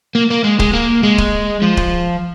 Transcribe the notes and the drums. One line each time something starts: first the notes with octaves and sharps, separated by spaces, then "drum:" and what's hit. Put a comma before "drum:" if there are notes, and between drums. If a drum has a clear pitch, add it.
A#3
A#3
G#3
G#3, drum: kick
A#3
G#3
drum: kick
F3
drum: kick